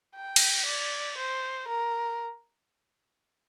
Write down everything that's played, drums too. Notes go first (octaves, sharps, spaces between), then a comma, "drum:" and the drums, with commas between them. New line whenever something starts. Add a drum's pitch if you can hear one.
G5
drum: cymbal
D5
C5
A#4